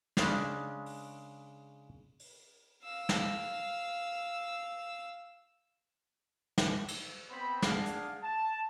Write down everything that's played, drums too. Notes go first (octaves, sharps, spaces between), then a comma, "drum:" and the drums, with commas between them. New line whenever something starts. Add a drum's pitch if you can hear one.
C#3 G#3 C#4 D4, drum: snare
drum: open hi-hat
drum: open hi-hat
F5 E6
drum: snare
drum: snare
drum: cymbal
B3 C4 C5 B5
D4 G#4 F5 F#5 G#5, drum: snare
drum: hi-hat
A5